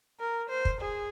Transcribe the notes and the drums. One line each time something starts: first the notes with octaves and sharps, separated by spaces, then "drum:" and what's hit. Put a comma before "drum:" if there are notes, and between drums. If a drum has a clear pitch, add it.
A#4
C5
drum: kick
G#4